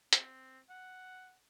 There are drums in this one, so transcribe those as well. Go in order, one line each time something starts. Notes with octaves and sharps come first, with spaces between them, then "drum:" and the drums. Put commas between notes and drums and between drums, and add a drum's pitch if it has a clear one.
C4, drum: hi-hat
F#5